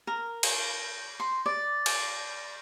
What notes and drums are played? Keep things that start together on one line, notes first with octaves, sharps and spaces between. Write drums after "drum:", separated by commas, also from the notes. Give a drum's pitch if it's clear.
A#4
drum: cymbal
C6
D5
drum: cymbal